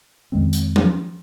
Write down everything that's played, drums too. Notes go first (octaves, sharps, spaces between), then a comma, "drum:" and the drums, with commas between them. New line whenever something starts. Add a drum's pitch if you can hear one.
F2 D#3 G#3 C4
drum: hi-hat
drum: tom F3